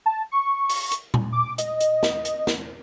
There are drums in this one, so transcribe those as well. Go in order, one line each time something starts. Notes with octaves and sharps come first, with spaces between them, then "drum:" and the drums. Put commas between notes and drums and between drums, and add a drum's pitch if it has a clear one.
A5
C#6
drum: open hi-hat
drum: hi-hat
drum: tom A#2
D6
D#5, drum: hi-hat
drum: hi-hat
drum: snare
drum: hi-hat
drum: snare